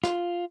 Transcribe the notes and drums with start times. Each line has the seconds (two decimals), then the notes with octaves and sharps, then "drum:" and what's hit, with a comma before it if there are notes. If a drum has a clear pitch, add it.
0.04 F4, drum: rim click